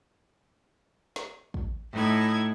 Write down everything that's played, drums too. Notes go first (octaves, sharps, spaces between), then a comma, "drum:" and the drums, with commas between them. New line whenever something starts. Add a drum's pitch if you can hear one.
drum: snare
drum: kick
A2 D#4 E4 G#6